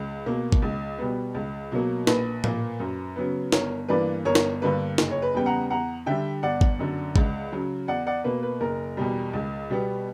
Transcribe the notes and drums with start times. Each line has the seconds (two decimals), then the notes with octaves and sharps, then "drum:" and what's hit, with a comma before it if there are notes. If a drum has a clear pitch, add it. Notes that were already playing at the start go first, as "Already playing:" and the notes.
Already playing: C#2
0.26 B2 A#3
0.52 drum: kick G#1
0.62 C#2
0.98 B2 G3 B3
1.35 C#2
1.72 B2 F#3 A#3
2.07 A#1 B4, drum: snare
2.44 A#2 A#3, drum: tom
2.80 F#2
3.16 C#3 F#3 B3
3.52 G1 A#4 C#5, drum: snare
3.89 G2 E3 A#3 B4 D5
4.25 G1 A#4 C#5
4.35 drum: snare
4.62 G2 D3 A#3 B4
4.98 F#1, drum: snare
5.11 C#5
5.22 B4
5.34 E2 C#3 G3 B3 G5
5.46 F#5 A#5
5.70 E2 F#5 A#5
6.06 D3 G3 E5 G5
6.43 G1 D5 F#5
6.61 drum: kick G#1
6.79 F#2 D3
7.16 C#2, drum: kick G#1
7.52 C#3 F#3
7.88 E2 D5 F#5
8.06 D5 F#5
8.24 B2 A#3 B4
8.43 B4
8.61 F#1 A#4
8.97 E2 B2 G3
9.33 C#2
9.70 B2 G3 B3